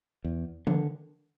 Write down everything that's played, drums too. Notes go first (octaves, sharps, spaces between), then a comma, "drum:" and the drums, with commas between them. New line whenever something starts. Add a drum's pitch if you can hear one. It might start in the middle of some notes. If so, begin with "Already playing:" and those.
E2
D3, drum: tom D#3